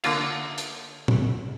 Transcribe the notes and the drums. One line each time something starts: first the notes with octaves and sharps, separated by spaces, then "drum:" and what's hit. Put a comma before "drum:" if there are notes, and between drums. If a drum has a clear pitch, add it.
D3 A#3 F4 F5, drum: cymbal
drum: hi-hat
drum: tom